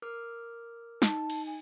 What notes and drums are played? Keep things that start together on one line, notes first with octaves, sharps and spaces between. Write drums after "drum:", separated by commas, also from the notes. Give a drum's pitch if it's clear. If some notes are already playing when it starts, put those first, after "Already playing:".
A#4 D6 F6
D#4 A5, drum: snare
drum: cymbal
G#5